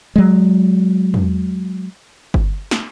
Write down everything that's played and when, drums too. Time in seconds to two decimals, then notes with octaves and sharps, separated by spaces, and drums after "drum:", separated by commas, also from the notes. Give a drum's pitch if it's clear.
0.16 F#3 G#3
1.14 drum: tom
2.34 drum: kick G1
2.71 drum: snare